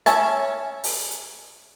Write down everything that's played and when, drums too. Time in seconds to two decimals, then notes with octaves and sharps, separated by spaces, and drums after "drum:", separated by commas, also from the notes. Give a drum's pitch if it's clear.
0.06 C#4 E5 G#5 A5, drum: hi-hat
0.84 drum: open hi-hat
1.11 drum: hi-hat